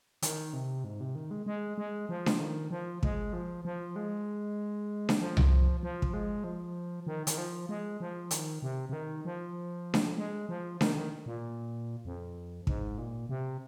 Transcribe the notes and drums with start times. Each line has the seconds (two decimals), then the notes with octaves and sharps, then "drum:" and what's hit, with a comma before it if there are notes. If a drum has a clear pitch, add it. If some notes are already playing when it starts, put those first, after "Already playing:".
0.22 D#3, drum: hi-hat
0.53 C3
0.84 G#2
1.01 C3
1.15 D#3
1.31 G#3
1.46 G#3
1.78 G#3
2.09 F3
2.26 drum: snare D4
2.40 D#3
2.71 F3
3.03 G#3, drum: kick
3.33 F3
3.65 F3
3.96 G#3
5.09 drum: snare D4
5.21 F3
5.37 drum: tom C2
5.83 F3
6.02 drum: kick
6.13 G#3
6.44 F3
7.07 D#3
7.27 D#3, drum: hi-hat
7.38 F3
7.69 G#3
8.00 F3
8.31 D#3, drum: hi-hat
8.62 C3
8.89 C3
8.93 D#3
9.25 F3
9.94 drum: snare D4
10.18 G#3
10.49 F3
10.81 D#3, drum: snare D4
10.95 D#3
11.26 A#2
12.05 F2
12.67 G#2, drum: kick
12.98 A#2
13.29 C3